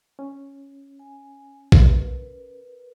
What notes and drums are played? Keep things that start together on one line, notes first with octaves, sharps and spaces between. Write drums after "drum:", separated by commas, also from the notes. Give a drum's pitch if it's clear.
C#4
G#5
A#4 B4, drum: kick A#1